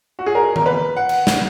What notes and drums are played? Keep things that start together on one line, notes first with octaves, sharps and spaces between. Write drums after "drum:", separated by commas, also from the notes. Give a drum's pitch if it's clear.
F#4
G#4
A#4
A#4, drum: tom D#3
B4
F#5
drum: cymbal
drum: snare